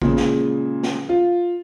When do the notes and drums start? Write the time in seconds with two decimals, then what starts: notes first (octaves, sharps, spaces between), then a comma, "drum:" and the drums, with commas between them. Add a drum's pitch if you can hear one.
0.02 A#2 C#3 G#3, drum: kick A1
0.17 drum: snare
0.83 drum: snare
1.09 F4